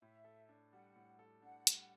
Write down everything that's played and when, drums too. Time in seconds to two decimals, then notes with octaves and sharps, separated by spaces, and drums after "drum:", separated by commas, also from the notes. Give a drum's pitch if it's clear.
0.02 A2 E5
0.25 A4
0.49 D4
0.72 G3 F#5
0.96 A2
1.19 A4
1.42 D4 F#5
1.67 G3, drum: hi-hat